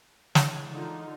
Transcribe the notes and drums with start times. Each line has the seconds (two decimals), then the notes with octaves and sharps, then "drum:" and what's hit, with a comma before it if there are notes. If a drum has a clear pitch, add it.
0.35 E3 G#3 C#5, drum: snare
0.71 D3 D#4 F4